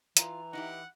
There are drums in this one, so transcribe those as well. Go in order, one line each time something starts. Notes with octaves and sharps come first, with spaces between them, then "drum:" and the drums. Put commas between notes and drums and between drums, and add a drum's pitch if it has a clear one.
E3 F4 A#5, drum: hi-hat
D#4 E4 G4 F#5